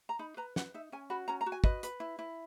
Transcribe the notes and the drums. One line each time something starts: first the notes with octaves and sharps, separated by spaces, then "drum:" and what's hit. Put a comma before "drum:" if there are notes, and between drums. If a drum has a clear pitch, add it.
A#5
D#4 B5
B4 A#5
B4 F#5, drum: snare
D#4 E5
C#4 G#5
F#4 B5
C#4 A#5
A#5
F#4
G#5
B4 D#5, drum: kick
B4, drum: hi-hat
E4
E4